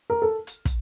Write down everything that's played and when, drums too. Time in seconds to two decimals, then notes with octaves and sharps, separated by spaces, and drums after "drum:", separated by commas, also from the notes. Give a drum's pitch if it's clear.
0.10 A#4
0.22 A4
0.47 drum: hi-hat
0.65 drum: kick, hi-hat